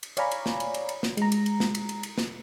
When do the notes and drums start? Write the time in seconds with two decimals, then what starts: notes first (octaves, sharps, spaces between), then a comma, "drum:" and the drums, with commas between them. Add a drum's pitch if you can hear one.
0.03 drum: cymbal
0.17 C#5 D5 F5 G#5 A#5 B5, drum: cymbal
0.31 drum: cymbal
0.46 drum: snare
0.60 drum: cymbal
0.74 drum: cymbal
0.89 drum: cymbal
1.03 drum: snare
1.17 G#3 A#5, drum: cymbal
1.32 drum: cymbal
1.46 drum: cymbal
1.60 drum: snare
1.75 drum: cymbal
1.89 drum: cymbal
2.03 drum: cymbal
2.18 drum: snare